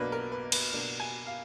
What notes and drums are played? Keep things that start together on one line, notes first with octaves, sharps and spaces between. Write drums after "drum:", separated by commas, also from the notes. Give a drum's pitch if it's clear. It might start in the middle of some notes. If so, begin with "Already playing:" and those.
Already playing: B1 B2 A#3 D4 B4
A#4
B4
B4, drum: cymbal
B1 B2 A#3 D4
G#5
F5